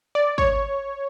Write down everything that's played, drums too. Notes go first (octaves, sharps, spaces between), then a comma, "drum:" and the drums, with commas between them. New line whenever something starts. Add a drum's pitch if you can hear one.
D5
C#5, drum: kick